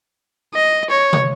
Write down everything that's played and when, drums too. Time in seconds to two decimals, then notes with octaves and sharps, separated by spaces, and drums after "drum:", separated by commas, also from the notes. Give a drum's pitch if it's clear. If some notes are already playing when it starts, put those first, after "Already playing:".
0.54 D#5
0.90 C#5
1.13 drum: tom